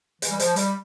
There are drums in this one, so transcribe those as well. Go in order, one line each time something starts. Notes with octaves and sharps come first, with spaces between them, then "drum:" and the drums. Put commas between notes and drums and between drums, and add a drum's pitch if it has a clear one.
E3, drum: hi-hat
G3
F3, drum: hi-hat
G3, drum: hi-hat